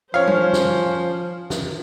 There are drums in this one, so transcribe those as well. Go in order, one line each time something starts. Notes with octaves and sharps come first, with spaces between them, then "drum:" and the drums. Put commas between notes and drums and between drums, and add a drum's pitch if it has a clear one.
F3 C#4 C5 C#5 F5
drum: tom G3
drum: snare
drum: snare